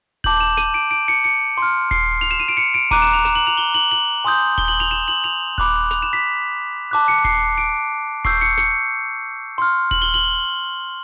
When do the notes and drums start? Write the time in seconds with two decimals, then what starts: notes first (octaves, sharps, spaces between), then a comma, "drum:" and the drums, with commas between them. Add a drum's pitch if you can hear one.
0.24 A5 D6 G6 F#7, drum: kick D#1
0.41 E7
0.57 D#7, drum: snare
0.74 D7
0.91 D7
1.08 C#7
1.24 C#7
1.57 C6 F6
1.91 C7, drum: kick D#1
2.21 F7
2.31 E7
2.40 D#7
2.48 D7
2.57 C#7
2.74 D7
2.91 A#5 D6 F#6 D#7, drum: kick D#1
3.02 E7
3.14 F7
3.25 E7, drum: snare
3.35 F#7
3.47 F7
3.57 G7
3.74 F#7
3.92 F#7
4.25 G#5 C6 D#6 G6
4.58 G7, drum: kick D#1
4.68 F#7
4.80 F7
4.91 E7
5.08 F#7
5.24 F7
5.58 B5 D6 F#6, drum: kick D#1
5.91 F7, drum: snare
6.02 E7
6.13 B6
6.91 A5 D6 F#6
7.08 C#7
7.24 C7, drum: kick D#1
7.58 D7
8.25 C#6 E6 G6 C7, drum: kick D#1
8.41 C#7
8.57 C#7, drum: snare
9.58 C6 F6
9.91 F#7, drum: kick D#1
10.02 G7
10.14 F#7